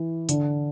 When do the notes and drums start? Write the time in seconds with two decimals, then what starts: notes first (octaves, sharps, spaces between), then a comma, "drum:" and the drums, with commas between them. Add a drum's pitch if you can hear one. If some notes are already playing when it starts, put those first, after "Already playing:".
Already playing: E3
0.29 D3, drum: hi-hat